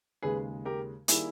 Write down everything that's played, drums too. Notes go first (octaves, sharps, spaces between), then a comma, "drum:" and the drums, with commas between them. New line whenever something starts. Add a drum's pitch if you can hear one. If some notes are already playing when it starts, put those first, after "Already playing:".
D#2 C#3 G#3 G#4 B4
G4 A#4
D#3 G3 A#3 E4 G#4, drum: hi-hat